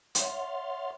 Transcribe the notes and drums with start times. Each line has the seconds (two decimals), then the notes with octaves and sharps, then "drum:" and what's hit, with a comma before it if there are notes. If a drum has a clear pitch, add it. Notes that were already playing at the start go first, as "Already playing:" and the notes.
0.15 C#5 E5 F#5 C6 F6 A6, drum: hi-hat